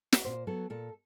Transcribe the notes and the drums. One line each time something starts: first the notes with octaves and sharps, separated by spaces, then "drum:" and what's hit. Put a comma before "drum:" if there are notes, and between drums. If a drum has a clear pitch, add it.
drum: snare
A#2 C5
F#3 B3 A4
A#2 A4